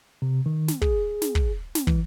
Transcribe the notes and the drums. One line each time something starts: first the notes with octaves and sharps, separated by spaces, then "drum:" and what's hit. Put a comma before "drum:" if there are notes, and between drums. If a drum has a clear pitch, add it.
C3
D#3
drum: snare
G#4, drum: kick
drum: snare
drum: kick
drum: snare
E3, drum: kick